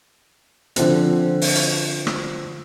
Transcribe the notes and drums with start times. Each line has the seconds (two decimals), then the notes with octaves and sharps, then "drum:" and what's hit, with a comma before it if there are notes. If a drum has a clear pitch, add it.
0.76 D3 F3 C4, drum: hi-hat
1.42 drum: open hi-hat
1.55 drum: hi-hat
2.07 drum: rim click